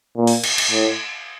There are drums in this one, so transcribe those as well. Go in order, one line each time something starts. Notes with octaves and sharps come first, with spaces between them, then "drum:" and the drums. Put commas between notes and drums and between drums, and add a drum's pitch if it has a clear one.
A#2
drum: open hi-hat
drum: cymbal
drum: cymbal
A2